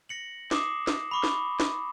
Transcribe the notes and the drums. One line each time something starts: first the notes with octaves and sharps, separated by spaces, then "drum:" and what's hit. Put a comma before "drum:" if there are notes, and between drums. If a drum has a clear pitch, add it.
A#6 C#7 F#7
D6 D#6 C7 E7, drum: snare
drum: snare
B5 C#6 D6
drum: snare
drum: snare